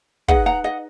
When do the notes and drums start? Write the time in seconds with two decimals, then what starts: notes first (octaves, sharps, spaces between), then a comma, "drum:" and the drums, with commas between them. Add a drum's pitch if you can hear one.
0.28 D#4 G#4 B4 D#5 F#5, drum: kick
0.46 F#5 A#5
0.64 D#5 F#5